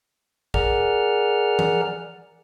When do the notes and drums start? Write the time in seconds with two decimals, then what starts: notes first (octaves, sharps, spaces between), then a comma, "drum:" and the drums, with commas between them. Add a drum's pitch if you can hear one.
0.54 G#4 A#4 D5 F#5 F6, drum: kick
1.59 drum: tom